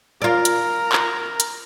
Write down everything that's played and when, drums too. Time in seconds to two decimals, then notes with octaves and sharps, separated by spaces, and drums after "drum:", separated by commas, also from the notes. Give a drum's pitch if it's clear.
0.22 F4 A#4 D5 A#5
0.45 drum: hi-hat
0.92 drum: clap
1.40 drum: hi-hat